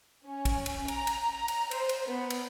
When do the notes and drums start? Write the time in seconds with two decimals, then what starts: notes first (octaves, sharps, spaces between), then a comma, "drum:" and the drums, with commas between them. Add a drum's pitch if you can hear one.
0.25 C#4
0.45 drum: kick, cymbal
0.66 drum: cymbal
0.88 A#5, drum: cymbal
1.07 drum: cymbal
1.34 A#5
1.48 drum: cymbal
1.71 C5, drum: cymbal
1.89 drum: cymbal
2.05 B3
2.30 drum: cymbal